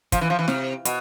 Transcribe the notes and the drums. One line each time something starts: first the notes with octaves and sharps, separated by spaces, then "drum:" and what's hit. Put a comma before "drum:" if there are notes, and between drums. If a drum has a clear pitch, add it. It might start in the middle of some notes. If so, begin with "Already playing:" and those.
F3, drum: kick, hi-hat
E3
F3
E3
C3, drum: snare
B2, drum: hi-hat